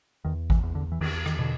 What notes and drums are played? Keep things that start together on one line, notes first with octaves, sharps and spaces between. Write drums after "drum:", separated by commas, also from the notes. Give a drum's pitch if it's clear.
E2 D#3
E3, drum: kick G#1
E2
D3
E3
E2 D#3, drum: cymbal
D#3, drum: rim click
B2 D3